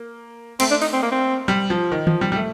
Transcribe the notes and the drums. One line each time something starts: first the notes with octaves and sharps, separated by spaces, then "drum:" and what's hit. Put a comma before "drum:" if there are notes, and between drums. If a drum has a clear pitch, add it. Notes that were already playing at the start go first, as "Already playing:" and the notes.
Already playing: A#3
A3 C4, drum: cymbal
D4
D#4, drum: open hi-hat
C4
A#3
C4
G3
F3
D#3
F3, drum: tom D#3
G3
G3
A3